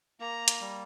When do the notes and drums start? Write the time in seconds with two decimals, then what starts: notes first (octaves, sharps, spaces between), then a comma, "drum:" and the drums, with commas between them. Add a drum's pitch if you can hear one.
0.20 A#3 A#5
0.48 drum: hi-hat
0.61 G3